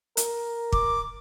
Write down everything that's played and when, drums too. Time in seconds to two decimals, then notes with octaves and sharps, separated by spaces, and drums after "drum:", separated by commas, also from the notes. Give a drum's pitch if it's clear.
0.17 A#4, drum: hi-hat
0.72 D6, drum: kick